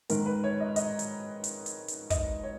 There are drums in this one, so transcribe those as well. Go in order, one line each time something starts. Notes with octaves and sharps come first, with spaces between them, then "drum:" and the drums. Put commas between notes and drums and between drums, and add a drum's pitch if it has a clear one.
G#2 D#3 A#4, drum: hi-hat
B4
C#5
D#5
D#5, drum: hi-hat
drum: hi-hat
drum: hi-hat
drum: hi-hat
drum: hi-hat
D#5, drum: kick, hi-hat
C#5